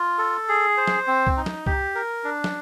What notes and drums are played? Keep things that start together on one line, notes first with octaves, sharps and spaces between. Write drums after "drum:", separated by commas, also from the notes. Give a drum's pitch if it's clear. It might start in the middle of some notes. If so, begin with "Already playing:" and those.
Already playing: F4
A4
G#4
C5
drum: snare
C4
drum: kick C2
D#4
drum: snare
G4, drum: kick C2
A#4
D4
drum: snare